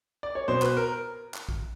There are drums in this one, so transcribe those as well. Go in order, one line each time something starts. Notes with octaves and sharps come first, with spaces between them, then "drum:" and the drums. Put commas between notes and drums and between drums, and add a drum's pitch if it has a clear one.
D5
C#5
B2 C5
B4, drum: clap
A#4
drum: clap
drum: kick